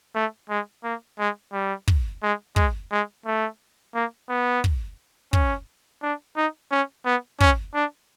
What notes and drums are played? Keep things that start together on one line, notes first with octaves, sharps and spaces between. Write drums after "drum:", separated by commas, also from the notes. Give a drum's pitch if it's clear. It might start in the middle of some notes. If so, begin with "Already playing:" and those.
A3
G#3
A#3
G#3
G3
drum: kick
G#3
G#3, drum: kick
G#3
A3
A#3
B3
drum: kick
C#4, drum: kick
D4
D#4
C#4
B3
C#4, drum: kick
D4